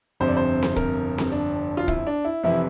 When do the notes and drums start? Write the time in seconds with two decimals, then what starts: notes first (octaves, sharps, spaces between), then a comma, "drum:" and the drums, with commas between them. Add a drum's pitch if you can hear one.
0.20 G1 F2 C3 C5
0.28 D5
0.37 C5
0.63 drum: snare C4
0.76 A#4, drum: kick
1.18 drum: snare C4
1.32 D4
1.77 F4
1.88 E4, drum: kick
2.07 D4
2.25 E4
2.43 F1 F2 C3 E3 E4